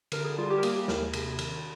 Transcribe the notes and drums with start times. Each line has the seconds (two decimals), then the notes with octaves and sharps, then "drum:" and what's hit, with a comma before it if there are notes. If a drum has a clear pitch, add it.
0.12 D3 A#4, drum: cymbal
0.24 G#4
0.38 G3 F4
0.50 G4
0.58 A#4
0.63 A#3 G#4, drum: cymbal
0.75 G4
0.88 D#2 A#4, drum: snare
1.01 G#4
1.13 C3, drum: cymbal
1.39 D#3, drum: cymbal